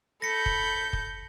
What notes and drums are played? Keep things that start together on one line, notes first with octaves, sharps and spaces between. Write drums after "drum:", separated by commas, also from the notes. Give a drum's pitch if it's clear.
A4 B5 G6 A#6 C#7
drum: kick
drum: kick